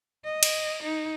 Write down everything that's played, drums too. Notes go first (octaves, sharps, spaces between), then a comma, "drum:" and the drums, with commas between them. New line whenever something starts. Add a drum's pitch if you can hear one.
D#5
drum: cymbal
D#4